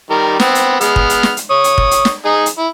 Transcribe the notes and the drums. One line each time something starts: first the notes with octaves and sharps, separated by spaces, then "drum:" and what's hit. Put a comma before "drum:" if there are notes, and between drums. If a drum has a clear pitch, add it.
D#3 G3 A#4
B3 C4, drum: snare
drum: hi-hat
G#3 B3 F6, drum: hi-hat
drum: kick
drum: hi-hat
drum: snare
drum: hi-hat
C#5 D#6
drum: hi-hat
drum: kick
drum: hi-hat
drum: snare
D#4 G#4
drum: hi-hat
E4